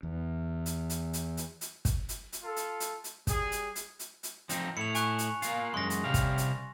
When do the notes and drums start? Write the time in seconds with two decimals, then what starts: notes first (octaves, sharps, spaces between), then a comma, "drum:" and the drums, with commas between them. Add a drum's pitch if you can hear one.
0.03 E2
0.66 drum: hi-hat
0.90 drum: hi-hat
1.13 drum: hi-hat
1.37 drum: hi-hat
1.61 drum: hi-hat
1.85 drum: kick, hi-hat
2.09 drum: hi-hat
2.33 drum: hi-hat
2.43 F4 A4
2.56 drum: hi-hat
2.80 drum: hi-hat
3.04 drum: hi-hat
3.27 G3 G#4, drum: kick, hi-hat
3.52 drum: hi-hat
3.76 drum: hi-hat
3.99 drum: hi-hat
4.23 drum: hi-hat
4.49 F3 C4 D#4, drum: hi-hat
4.77 A2 E4 C#7 F7
4.95 G#5 C#6 F#6, drum: hi-hat
5.19 drum: hi-hat
5.42 A#3 F4, drum: hi-hat
5.74 F#2 G#3 C6 A#6
5.90 drum: hi-hat
6.04 C3 G3 F5
6.14 drum: kick, hi-hat
6.38 drum: hi-hat